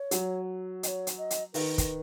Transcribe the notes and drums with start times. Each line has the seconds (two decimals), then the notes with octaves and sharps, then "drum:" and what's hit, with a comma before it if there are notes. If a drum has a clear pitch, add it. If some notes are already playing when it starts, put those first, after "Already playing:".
Already playing: C#5
0.11 F#3, drum: hi-hat
0.83 D#5, drum: hi-hat
0.87 C#5
1.07 drum: hi-hat
1.18 D#5
1.31 drum: hi-hat
1.54 D#3 B4, drum: open hi-hat
1.78 drum: kick, hi-hat